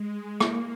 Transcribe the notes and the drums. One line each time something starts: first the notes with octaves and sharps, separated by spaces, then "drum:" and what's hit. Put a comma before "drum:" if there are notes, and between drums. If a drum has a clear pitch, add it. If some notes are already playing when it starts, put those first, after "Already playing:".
Already playing: G#3
A#3, drum: rim click